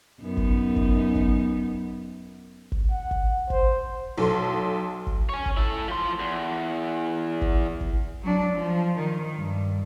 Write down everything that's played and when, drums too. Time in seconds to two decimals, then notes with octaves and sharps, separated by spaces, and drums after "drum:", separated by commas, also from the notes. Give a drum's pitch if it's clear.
0.22 F#2 B3 D#4
0.37 drum: kick G1
0.76 drum: kick G1
1.15 drum: kick G1
2.72 drum: kick G1
2.91 F#5
3.11 drum: kick G1
3.50 C5, drum: kick G1
4.18 B1 A4 C6
5.07 drum: kick G1
5.29 C#5 G#5
5.46 drum: kick G1
5.57 E4 A4
5.88 F3 C6
6.19 E2
7.41 drum: kick G1
7.81 drum: kick G1
8.23 F#3 D4
8.54 F3
8.99 D#3
9.38 G2